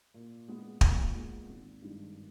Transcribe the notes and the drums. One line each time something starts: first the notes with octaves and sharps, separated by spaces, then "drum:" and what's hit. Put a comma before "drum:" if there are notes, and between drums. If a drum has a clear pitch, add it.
A#2
G#3 B3
A#2, drum: kick
G#3 B3
G#1
G2 D#3 G#3